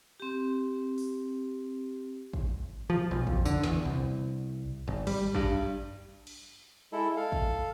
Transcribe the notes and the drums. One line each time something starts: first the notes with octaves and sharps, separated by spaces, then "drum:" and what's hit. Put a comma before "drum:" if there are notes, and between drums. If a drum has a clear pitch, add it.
C4 G4
drum: open hi-hat
drum: kick
F3
B1
F2, drum: kick
D3, drum: tambourine
E2, drum: snare
C2
G#1
G3, drum: cymbal
G2, drum: kick
drum: cymbal
G#3 E4 A4
A4 F5
drum: kick